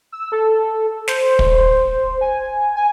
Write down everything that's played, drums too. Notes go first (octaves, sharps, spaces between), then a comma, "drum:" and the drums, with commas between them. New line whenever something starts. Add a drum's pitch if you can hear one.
E6
A4
C5, drum: snare
drum: kick
G#5
G#5